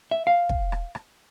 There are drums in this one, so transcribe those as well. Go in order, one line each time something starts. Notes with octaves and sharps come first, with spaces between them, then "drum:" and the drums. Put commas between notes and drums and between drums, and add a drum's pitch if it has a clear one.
E5
F5
drum: kick
drum: rim click
drum: rim click